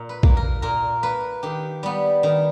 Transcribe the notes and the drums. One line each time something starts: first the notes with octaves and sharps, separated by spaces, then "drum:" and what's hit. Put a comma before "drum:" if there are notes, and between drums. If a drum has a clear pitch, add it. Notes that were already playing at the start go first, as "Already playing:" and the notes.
Already playing: A#2
B4
A#3, drum: kick A#1
A#4
A#2 A#4
A#3 B4
D#3 G4
G3 B3
D#3